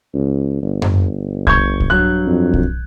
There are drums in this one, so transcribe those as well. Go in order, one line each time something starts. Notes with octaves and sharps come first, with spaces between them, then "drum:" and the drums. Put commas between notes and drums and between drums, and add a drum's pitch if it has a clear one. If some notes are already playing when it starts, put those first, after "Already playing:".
C#2
G1
drum: tom F#2
C#6 G6 G#6, drum: kick
drum: kick
G2 F#3 F#6
F2
drum: kick